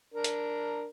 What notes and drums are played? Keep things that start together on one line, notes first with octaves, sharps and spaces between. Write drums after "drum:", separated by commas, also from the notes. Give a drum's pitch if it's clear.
D4 A#4
drum: hi-hat